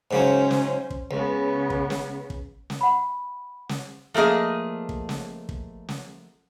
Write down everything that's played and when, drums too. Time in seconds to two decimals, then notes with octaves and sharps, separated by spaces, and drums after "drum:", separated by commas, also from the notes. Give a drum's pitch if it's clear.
0.11 G#2 C#3 F#3 C#4 C5
0.51 drum: snare
0.90 drum: kick
1.11 C#2 C#3 B3
1.70 drum: kick
1.90 drum: snare
2.30 drum: kick
2.70 drum: snare
2.81 F#5 B5
3.69 drum: snare
4.14 F3 A3 A#3 G#4 D#5
4.89 drum: kick
5.09 drum: snare
5.49 drum: kick
5.89 drum: snare